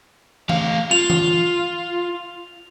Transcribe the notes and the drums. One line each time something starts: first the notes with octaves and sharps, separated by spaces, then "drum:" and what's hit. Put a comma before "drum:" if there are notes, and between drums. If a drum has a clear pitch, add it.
A3 F5, drum: tom E3
F4 F7
drum: tom E3